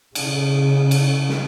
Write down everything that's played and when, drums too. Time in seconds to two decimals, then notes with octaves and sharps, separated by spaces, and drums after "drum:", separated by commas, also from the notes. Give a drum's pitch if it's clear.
0.15 C#3, drum: cymbal
0.91 drum: cymbal
1.29 drum: snare